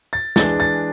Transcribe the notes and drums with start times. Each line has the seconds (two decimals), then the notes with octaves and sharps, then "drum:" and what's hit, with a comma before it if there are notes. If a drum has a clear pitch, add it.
0.13 A6
0.36 E3 G#3 D4 A6, drum: snare
0.60 A6